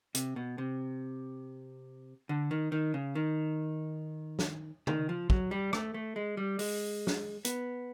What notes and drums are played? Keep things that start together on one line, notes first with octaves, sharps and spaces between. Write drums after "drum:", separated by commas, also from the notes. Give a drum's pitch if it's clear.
C3, drum: hi-hat
B2
C3
D3
D#3
D#3
C#3
D#3
drum: snare
D#3, drum: tom
F3
F#3, drum: kick
G3
A3, drum: rim click
A3
G#3
G3
G#3, drum: open hi-hat
drum: snare
B3, drum: hi-hat